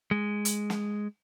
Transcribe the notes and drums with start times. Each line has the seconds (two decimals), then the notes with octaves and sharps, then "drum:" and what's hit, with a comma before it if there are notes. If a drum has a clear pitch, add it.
0.11 G#3
0.45 drum: hi-hat
0.70 drum: snare